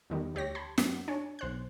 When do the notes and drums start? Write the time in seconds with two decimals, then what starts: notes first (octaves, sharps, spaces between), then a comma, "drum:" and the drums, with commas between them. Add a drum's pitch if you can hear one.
0.10 E2 D#3 G3
0.35 D2 G4 C#5 A#6
0.55 A5 B5 C6 G#6
0.78 F#2, drum: snare
1.08 D4 C#5 G#5
1.39 B1 C5 F#6